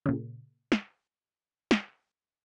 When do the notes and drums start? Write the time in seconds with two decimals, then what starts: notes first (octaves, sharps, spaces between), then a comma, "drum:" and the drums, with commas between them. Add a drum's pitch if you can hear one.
0.06 A#2 C#3
0.72 drum: snare
1.71 drum: snare